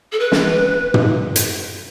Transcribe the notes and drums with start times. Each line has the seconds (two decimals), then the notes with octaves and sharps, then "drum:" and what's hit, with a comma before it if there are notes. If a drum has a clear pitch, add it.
0.12 A4
0.20 B4
0.32 drum: snare
0.94 drum: tom
1.36 drum: hi-hat